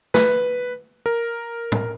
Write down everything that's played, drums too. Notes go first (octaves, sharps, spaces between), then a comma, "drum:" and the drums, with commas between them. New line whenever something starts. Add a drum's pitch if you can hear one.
B4, drum: snare
A#4
drum: tom